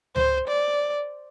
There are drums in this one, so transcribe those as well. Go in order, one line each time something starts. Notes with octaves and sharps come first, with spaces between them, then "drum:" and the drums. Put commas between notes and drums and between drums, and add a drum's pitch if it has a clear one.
C5, drum: tom C#2
D5